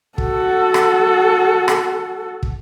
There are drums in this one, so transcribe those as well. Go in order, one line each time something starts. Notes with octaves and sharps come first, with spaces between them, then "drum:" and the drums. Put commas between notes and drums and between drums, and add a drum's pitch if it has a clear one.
F#4 A4, drum: kick
drum: rim click
drum: rim click
drum: kick